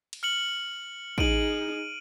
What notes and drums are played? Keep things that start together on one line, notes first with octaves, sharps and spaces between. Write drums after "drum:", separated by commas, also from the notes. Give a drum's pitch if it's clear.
drum: cymbal
F6 C#7 F#7
D#4 G#4 D7 D#7 F#7, drum: kick